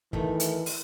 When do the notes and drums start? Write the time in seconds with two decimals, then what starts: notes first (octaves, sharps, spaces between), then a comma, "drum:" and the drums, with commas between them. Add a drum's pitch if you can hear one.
0.13 D#3 E3 A3, drum: kick
0.40 drum: hi-hat
0.66 drum: open hi-hat